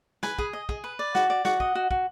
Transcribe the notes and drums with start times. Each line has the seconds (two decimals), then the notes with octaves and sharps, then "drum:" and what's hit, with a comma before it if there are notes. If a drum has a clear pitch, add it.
0.23 B4 G#5, drum: snare
0.39 G#4, drum: kick
0.53 D#5
0.69 G#4, drum: kick
0.84 B4
0.99 D5
1.15 F#4, drum: snare
1.30 D5
1.45 F#4 F#5, drum: snare
1.60 D#5, drum: kick
1.75 F#4
1.91 F#4, drum: kick